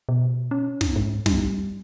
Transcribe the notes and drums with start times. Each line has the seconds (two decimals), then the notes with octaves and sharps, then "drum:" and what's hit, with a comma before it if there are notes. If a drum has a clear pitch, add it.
0.09 B2
0.51 C#4
0.81 drum: snare
0.96 G#2
1.26 G3, drum: snare